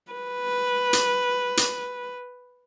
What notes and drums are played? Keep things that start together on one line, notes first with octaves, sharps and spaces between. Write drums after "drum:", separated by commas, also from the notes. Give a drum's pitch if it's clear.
B4
drum: hi-hat
drum: hi-hat